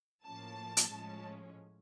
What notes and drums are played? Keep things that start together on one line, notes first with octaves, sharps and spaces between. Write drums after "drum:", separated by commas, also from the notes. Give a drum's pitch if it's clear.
A2 F3 A#3 C#4 A5
drum: hi-hat
A2 F3 G#3 C#4